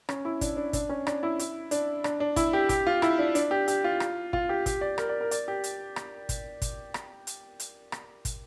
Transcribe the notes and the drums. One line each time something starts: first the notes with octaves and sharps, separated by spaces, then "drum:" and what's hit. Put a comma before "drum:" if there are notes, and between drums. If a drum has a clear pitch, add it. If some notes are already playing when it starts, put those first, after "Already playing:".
C#4, drum: rim click
E4
D4, drum: kick, hi-hat
D4
D4, drum: kick, hi-hat
C#4
D4, drum: rim click
E4
E4, drum: hi-hat
D4, drum: hi-hat
D4, drum: rim click
D4
E4, drum: kick, hi-hat
G4
G4, drum: kick, hi-hat
F4
E4, drum: rim click
D4
D4, drum: hi-hat
G4
G4, drum: hi-hat
F4
drum: rim click
F4, drum: kick
G4
G4, drum: kick, hi-hat
D5
A#4, drum: rim click
D5
A#4
D5, drum: hi-hat
G4
drum: hi-hat
drum: rim click
drum: kick, hi-hat
drum: kick, hi-hat
drum: rim click
drum: hi-hat
drum: hi-hat
drum: rim click
drum: kick, hi-hat